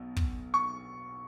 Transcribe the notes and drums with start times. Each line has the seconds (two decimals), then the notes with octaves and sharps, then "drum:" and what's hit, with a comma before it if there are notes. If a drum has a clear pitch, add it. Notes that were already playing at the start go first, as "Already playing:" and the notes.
Already playing: B1 B2
0.16 drum: kick
0.54 C#6